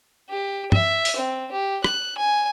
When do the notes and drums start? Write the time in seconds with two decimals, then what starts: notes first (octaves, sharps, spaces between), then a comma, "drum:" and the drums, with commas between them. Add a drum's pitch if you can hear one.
0.30 G4
0.72 E5, drum: tom
1.05 drum: open hi-hat
1.16 C4
1.52 G4
1.84 F#6, drum: rim click
2.18 G#5